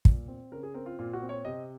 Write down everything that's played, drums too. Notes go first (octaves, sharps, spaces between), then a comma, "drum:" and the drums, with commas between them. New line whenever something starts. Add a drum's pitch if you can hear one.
A#2, drum: kick
C4
C#3 A#4
G#4
C4 A#4
F4
A#2 F4
F#4
C4
C#5
C3 D#5